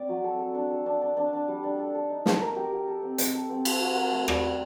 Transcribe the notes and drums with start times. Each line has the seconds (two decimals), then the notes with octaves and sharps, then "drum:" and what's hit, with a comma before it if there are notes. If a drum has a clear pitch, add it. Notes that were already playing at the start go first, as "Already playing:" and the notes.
Already playing: C4 D5
0.09 F#3
0.24 A4
0.39 A4
0.55 D4
0.70 A4
0.86 D4
1.02 D4
1.17 D4
1.33 D4
1.48 G3
1.63 D4
1.79 A4
1.95 A4
2.10 D#4
2.26 A4, drum: snare
2.41 A#4
2.56 G4
2.72 G4
2.87 A4
3.03 C4
3.18 C4, drum: hi-hat
3.35 A4
3.50 C4
3.65 A4, drum: cymbal
3.81 F#4
3.96 A#4
4.12 A3
4.28 G3, drum: rim click
4.42 G4